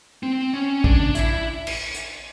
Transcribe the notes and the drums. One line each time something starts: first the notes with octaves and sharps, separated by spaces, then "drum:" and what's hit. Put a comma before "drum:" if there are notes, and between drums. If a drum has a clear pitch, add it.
C4
C#4
D4, drum: kick A1
E4, drum: hi-hat
drum: cymbal
drum: hi-hat